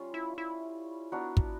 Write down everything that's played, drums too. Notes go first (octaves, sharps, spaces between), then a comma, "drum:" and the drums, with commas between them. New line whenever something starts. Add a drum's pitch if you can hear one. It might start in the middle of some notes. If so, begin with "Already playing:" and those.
Already playing: G3 C#4 F4
E4
E4
B3 D4 F#4 A#4
drum: kick